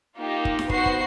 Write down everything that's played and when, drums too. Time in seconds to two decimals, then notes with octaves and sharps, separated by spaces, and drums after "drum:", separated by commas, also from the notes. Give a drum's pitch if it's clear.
0.18 A#3 D#4 F4 G4
0.45 drum: kick
0.59 drum: snare D#4
0.70 B3 D#4 F#4 C5 F#5 C7, drum: kick
0.86 drum: kick